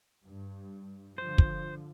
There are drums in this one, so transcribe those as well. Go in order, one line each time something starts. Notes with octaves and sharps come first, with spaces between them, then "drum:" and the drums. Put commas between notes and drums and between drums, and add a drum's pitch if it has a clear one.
G2
D3 F3 C5
drum: kick